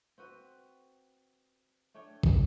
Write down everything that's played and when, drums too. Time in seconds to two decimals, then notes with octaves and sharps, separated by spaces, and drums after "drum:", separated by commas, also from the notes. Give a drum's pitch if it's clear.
0.18 C4 F#4 B4
1.94 A3 D4 C#5 G5
2.23 drum: kick